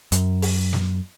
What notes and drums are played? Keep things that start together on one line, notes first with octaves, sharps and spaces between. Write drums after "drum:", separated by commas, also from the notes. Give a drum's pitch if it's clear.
F#2, drum: hi-hat
drum: open hi-hat
drum: snare